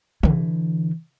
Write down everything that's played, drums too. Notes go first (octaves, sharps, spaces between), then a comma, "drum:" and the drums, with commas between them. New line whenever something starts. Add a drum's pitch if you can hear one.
D3 E3, drum: tom